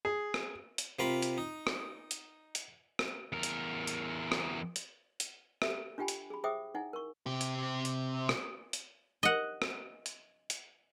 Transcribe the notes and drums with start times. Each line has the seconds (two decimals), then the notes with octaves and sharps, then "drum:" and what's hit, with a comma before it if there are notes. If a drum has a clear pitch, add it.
0.05 G#4
0.34 drum: rim click
0.78 drum: hi-hat
0.99 C3 F4 A#4 B5
1.22 drum: hi-hat
1.38 D#4
1.67 drum: rim click
2.11 drum: hi-hat
2.55 drum: hi-hat
2.99 drum: rim click
3.33 E2 A#4
3.43 drum: hi-hat
3.87 drum: hi-hat
4.32 drum: rim click
4.76 drum: hi-hat
5.20 drum: hi-hat
5.62 G4 A4 E5, drum: rim click
5.98 D4 F4 G4 G5 G#5 B5
6.08 drum: hi-hat
6.30 G#4 B5
6.44 G#4 C5 E5 G5 D6 D#6
6.75 D#4 E4 F#5 G#5
6.93 A#4 C#6
7.26 C3 G4
7.41 drum: hi-hat
7.85 drum: hi-hat
8.29 drum: rim click
8.73 drum: hi-hat
9.23 D#5 F#5
9.62 drum: rim click
10.06 drum: hi-hat
10.50 drum: hi-hat